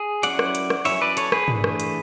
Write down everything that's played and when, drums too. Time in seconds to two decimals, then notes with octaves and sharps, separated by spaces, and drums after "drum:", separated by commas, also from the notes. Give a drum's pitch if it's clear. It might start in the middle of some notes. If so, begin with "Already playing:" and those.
Already playing: G#4
0.23 F#3 C#4 E4 D5 F#5, drum: hi-hat
0.39 drum: rim click
0.55 drum: hi-hat
0.70 drum: rim click
0.85 F#3 C#4 E4 C#5 E5, drum: open hi-hat
1.02 B4 D5
1.17 A4 C#5, drum: hi-hat
1.32 G#4 B4, drum: rim click
1.48 E3 A3 D4, drum: tom
1.64 drum: rim click
1.80 drum: hi-hat